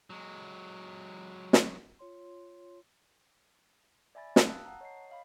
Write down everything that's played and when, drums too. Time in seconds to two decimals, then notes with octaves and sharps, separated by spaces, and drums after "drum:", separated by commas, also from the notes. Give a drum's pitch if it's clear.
0.10 F#3 G#3
1.53 drum: snare
1.99 F4 C#5 C6
4.15 D5 E5 G#5 B5 A6
4.36 F5 G5 A5 D#6 E6 F#6, drum: snare
4.65 F#5 A5 A#5
4.81 C#5 D#5 C7
5.10 D#5 F5 B5